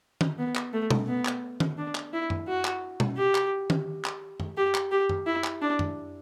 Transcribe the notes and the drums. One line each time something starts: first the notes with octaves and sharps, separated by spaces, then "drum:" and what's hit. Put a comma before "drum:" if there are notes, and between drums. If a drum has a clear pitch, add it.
drum: tom D#3
B3
drum: clap
A3
drum: tom
B3
drum: clap
drum: tom D#3
D4
drum: clap
E4
drum: tom F#2
F#4
drum: clap
drum: tom
G4
drum: clap
drum: tom D#3
drum: clap
drum: tom F#2
G4
drum: clap
G4
drum: tom F#2
E4
drum: clap
D4
drum: tom F#2